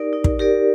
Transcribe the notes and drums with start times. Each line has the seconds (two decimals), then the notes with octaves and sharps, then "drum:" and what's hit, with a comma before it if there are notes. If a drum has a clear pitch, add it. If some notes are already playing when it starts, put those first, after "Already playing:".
Already playing: D#4 G4 A#4 D5
0.13 D#4
0.24 drum: kick
0.39 G4 A#4 D5